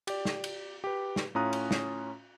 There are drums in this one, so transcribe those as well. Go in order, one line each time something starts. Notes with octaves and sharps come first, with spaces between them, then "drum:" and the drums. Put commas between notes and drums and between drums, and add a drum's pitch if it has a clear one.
G4 D5, drum: cymbal
drum: snare
drum: cymbal
G4 B4
drum: snare
A2 C#4 F4 A#5 D#6 F#6
drum: cymbal
drum: snare